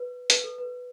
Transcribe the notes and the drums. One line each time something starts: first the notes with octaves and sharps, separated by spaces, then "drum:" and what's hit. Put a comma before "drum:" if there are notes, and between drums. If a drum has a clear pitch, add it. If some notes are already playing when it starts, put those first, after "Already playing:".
Already playing: B4
B4, drum: hi-hat
A4
B4